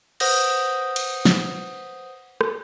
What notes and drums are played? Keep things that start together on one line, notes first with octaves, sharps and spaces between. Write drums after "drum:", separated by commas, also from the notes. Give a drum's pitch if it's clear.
B4 C5 F#5 D#6 G6 A#6, drum: cymbal
drum: cymbal
drum: snare
drum: rim click